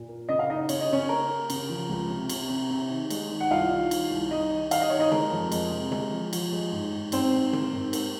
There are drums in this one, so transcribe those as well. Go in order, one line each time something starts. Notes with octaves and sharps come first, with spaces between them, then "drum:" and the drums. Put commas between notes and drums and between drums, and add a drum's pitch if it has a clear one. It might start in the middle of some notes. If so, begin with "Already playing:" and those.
Already playing: A#2
A#3
C#3 D#5
F5
A#3 D#4 D#5
C#3 C#5, drum: cymbal
D#5
C#3 C#4 C#5
A#3 A#4
A#3
C#3, drum: cymbal
F3
C#2
C3
C3, drum: cymbal
C3
C3
D#3
G#3, drum: cymbal
D#3
F#5
C2 F4 F5
D#3
D#3, drum: cymbal
C2
C2 D#4 D#5
D#3
D#3 F5, drum: cymbal
D#5
D#3 C#5
D#4 D#5
G#3 A#4, drum: tom
F2
G#3, drum: cymbal
C3
G#3, drum: tom
F3
F3, drum: cymbal
G#3
G#2
G#2
G#2 C4 C5, drum: cymbal
G#2
A#3, drum: tom
G#2
A#3, drum: cymbal